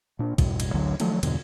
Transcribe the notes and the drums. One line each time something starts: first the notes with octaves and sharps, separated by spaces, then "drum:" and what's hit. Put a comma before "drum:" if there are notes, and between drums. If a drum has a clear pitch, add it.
A#2 D4
A1 E2 G2 B2, drum: kick A#1, cymbal
drum: cymbal
A1 D2 D3 F#3
D#3 F3 F#3 A3, drum: cymbal
E2 G2 B2 D3, drum: cymbal